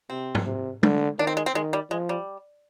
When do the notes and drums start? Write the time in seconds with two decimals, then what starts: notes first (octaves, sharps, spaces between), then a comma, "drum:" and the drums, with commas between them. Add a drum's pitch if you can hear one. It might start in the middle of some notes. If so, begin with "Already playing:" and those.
0.10 C3 C4
0.35 drum: tom G#2
0.46 C3
0.83 D3, drum: tom G#3
1.19 D#3 D4
1.27 C4
1.37 G#3
1.46 C4
1.54 D#3 G#3
1.73 G3
1.91 F3 G#3
2.09 G3